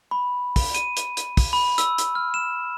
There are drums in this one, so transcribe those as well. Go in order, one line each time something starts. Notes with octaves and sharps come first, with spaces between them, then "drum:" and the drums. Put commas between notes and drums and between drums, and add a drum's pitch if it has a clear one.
B5
drum: kick, open hi-hat
D#7, drum: hi-hat
drum: hi-hat
drum: hi-hat
drum: kick, open hi-hat
B5
E6, drum: hi-hat
drum: hi-hat
F6
E7